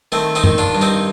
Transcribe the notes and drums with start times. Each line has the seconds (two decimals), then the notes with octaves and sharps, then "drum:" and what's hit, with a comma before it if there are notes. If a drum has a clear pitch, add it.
0.12 D#3 A3 C4
0.35 C4 D#4
0.44 D#3, drum: tom
0.58 D4 F4
0.75 G2
0.81 C4 D#4